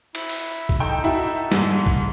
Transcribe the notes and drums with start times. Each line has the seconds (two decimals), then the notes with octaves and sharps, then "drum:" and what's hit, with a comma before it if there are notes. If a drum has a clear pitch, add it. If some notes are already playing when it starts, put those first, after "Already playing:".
0.15 E4, drum: cymbal
0.29 drum: open hi-hat
0.69 drum: kick
0.80 D#4 A4 G5 A5
1.04 E4 F#4
1.52 G#2 G3, drum: snare
1.86 drum: kick